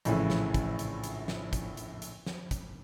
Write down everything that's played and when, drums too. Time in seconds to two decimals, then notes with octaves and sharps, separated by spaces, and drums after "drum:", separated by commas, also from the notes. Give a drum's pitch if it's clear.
0.05 A#1 A2 C#3 E3, drum: hi-hat
0.30 drum: snare
0.54 drum: kick, hi-hat
0.79 drum: hi-hat
1.04 drum: hi-hat
1.28 drum: snare
1.53 drum: kick, hi-hat
1.77 drum: hi-hat
2.02 drum: hi-hat
2.26 drum: snare
2.51 drum: kick, hi-hat